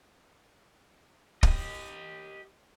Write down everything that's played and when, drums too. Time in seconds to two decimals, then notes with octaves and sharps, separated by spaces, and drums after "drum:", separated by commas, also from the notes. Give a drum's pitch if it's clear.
1.43 G4 D#5, drum: kick